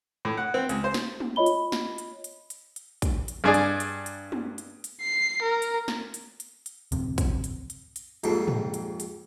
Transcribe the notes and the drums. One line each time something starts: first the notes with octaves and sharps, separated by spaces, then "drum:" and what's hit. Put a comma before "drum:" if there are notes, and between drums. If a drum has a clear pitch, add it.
A2
F#5
C4
C#2, drum: hi-hat
C5
drum: snare
drum: tom
F4 C#5 D#5 B5 G7
drum: hi-hat
drum: snare
drum: hi-hat
drum: hi-hat
drum: hi-hat
drum: hi-hat
drum: kick, hi-hat
drum: hi-hat
G2 G#4 D5
drum: hi-hat
drum: hi-hat
drum: hi-hat
drum: tom
drum: hi-hat
drum: hi-hat
C7
A#4
drum: hi-hat
drum: snare
drum: hi-hat
drum: hi-hat
drum: hi-hat
D1 F2 C3, drum: hi-hat
drum: kick, hi-hat
drum: hi-hat
drum: hi-hat
drum: hi-hat
A#1 F2 G#2 G3 C4 D4, drum: hi-hat
drum: tom
drum: hi-hat
drum: hi-hat